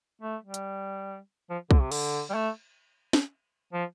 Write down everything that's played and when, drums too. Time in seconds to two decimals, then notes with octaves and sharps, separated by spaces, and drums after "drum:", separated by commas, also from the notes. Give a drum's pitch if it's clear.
0.22 A3
0.43 G3
0.54 drum: hi-hat
1.50 F3
1.71 D3, drum: kick B1
1.81 C3
1.92 D3, drum: cymbal
2.30 G3
2.34 A3
3.13 drum: snare
3.73 F3